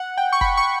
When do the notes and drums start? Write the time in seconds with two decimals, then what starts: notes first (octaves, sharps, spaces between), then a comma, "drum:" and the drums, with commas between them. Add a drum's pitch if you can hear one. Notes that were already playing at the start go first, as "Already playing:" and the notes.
Already playing: F#5
0.18 G5
0.33 C#6
0.41 B5, drum: kick F1
0.57 C#6